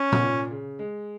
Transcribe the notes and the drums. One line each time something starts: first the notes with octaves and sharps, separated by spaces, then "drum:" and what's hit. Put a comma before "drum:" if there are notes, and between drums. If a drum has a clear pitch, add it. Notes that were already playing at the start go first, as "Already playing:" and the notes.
Already playing: C#4
B2, drum: tom
A#2
C#3
G#3